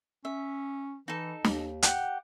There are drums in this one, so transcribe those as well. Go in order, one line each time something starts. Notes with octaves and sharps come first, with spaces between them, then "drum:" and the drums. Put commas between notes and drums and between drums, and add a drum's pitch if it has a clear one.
C#4 E5
E3 D#4 A4
D#2, drum: snare
G4 F#5, drum: hi-hat